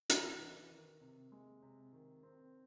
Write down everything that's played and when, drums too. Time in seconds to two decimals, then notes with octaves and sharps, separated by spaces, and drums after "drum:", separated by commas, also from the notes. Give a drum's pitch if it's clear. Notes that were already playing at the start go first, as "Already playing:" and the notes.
0.10 E3, drum: hi-hat
0.40 E3
0.71 D#3
1.01 C3
1.32 G#3
1.63 C3
1.93 D#3
2.23 C4